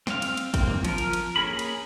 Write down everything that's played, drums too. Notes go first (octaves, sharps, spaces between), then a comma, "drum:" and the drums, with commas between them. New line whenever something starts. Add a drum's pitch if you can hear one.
C4 F5, drum: snare
drum: cymbal
drum: cymbal
A#3 C4, drum: kick, cymbal
drum: tom F3
F3 A#4, drum: cymbal
drum: cymbal
drum: cymbal
A#3 C#4 G#4 A#4 B5
drum: cymbal